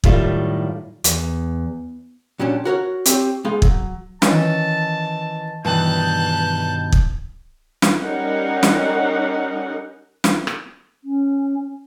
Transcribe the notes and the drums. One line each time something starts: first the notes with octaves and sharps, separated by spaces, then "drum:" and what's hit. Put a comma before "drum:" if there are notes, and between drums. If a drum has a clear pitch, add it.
F#2 A2 D#3 G3 A3 F4, drum: kick
E2, drum: hi-hat
A#2 F#3 G3 C#4 D4
F#4 A#4 C#5 F#5
C4 G4 C#5, drum: hi-hat
G#3 B3 F5 G5
F#3, drum: kick
D#3 E3 C#4 A5, drum: snare
G2 B2 D#3 E3 A5 F#6 G6
drum: kick
drum: snare
G3 C#4 D#4 A#4 F#5
drum: snare
drum: snare
drum: rim click
C#4